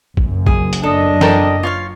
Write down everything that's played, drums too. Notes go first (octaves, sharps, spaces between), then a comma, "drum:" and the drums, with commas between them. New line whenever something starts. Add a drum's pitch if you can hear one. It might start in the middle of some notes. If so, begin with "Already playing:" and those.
F#1 F#2, drum: kick
G#4, drum: kick
drum: hi-hat
D4 A4 D#5
A4 A#4 G5, drum: snare
F4 C#5 F5